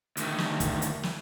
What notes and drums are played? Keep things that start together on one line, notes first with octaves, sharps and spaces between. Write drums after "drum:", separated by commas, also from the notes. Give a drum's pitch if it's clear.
D2 D#3, drum: hi-hat
drum: snare
drum: kick, hi-hat
drum: hi-hat
drum: snare